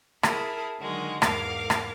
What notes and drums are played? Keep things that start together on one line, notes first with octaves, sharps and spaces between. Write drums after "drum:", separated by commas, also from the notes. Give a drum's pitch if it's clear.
E4 G#4 A#4 A5 B5, drum: rim click
D3 D#3 F#3 G#3 F#4 A#4
E2 G#2 A#4 F5 D6, drum: rim click
drum: rim click